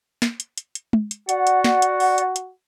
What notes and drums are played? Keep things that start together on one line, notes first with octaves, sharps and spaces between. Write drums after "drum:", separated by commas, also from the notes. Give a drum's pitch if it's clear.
drum: snare
drum: hi-hat
drum: hi-hat
drum: hi-hat
drum: tom
drum: hi-hat
F#4 D5 F#5, drum: hi-hat
drum: hi-hat
drum: snare
drum: hi-hat
drum: open hi-hat
drum: hi-hat
drum: hi-hat